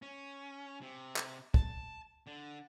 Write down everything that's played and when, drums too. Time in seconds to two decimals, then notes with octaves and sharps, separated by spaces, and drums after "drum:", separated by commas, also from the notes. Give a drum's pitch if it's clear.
0.02 C#4
0.81 C3
1.16 drum: clap
1.54 A5, drum: kick
2.27 D3